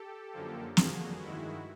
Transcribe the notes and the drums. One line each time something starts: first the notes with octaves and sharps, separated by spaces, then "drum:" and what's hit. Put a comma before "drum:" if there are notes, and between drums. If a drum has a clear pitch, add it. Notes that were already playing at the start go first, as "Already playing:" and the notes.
Already playing: G4 A4
F#2 D3 F3 A#3
F2 D3 F3 A#3 F#4 G#4, drum: snare
G2 D#3 G#3 E4 F#4